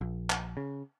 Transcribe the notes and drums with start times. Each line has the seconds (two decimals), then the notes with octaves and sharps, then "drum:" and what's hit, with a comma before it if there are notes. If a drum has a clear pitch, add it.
0.01 A#1
0.30 drum: clap
0.57 C#3